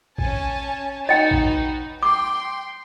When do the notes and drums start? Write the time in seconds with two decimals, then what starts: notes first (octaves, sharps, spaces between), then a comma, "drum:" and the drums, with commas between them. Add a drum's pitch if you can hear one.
0.18 C#4 G#5 A5, drum: kick A1
1.09 D#4 F#4 B4 D#5 G5
1.31 drum: kick A1
2.03 G5 C6 D6